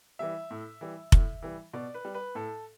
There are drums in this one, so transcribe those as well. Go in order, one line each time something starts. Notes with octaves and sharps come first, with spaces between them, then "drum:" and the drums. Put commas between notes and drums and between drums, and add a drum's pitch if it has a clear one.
E3 G3 E5
A2
E3 G3
A2, drum: kick F1
E3 G3
B2 D5
B4
G3
B4
A2 A4